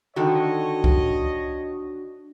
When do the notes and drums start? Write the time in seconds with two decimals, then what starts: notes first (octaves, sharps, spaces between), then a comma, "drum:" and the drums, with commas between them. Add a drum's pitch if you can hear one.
0.16 D3 D#3 D4 F#4 A4 C#5 D#5
0.84 drum: kick C2